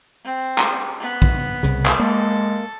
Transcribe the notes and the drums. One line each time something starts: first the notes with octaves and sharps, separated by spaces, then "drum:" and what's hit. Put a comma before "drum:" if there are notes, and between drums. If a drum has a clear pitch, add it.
C4
drum: clap
B3
drum: kick A#1
C2 C#3
drum: clap
G#3 A#3 A4